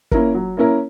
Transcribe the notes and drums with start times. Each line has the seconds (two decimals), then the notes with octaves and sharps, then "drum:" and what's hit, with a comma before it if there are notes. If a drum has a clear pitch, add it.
0.11 A#3 C#4 E4 A#4, drum: kick
0.34 F#3
0.57 A#3 C#4 E4 A#4